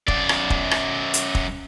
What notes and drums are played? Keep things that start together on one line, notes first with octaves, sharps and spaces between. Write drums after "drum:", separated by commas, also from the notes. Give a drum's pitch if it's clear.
F#2 D5, drum: kick
drum: rim click
drum: kick
drum: rim click
drum: hi-hat
drum: kick